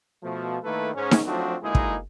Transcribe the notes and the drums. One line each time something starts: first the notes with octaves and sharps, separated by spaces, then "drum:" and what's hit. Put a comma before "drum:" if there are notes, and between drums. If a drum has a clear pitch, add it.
B2 F3 A3
D#3 A3 A#3 E4 A4 B4
G#2 C#4
drum: snare D#4
F3 F#3 A3 C4 D4 F#4
D2 G#3 A#3 D#4 E4 G#4
drum: kick